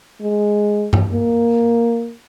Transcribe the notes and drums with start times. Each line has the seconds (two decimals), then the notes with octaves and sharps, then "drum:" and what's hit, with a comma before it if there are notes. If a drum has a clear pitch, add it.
0.21 G#3
0.93 drum: tom G2
1.12 A#3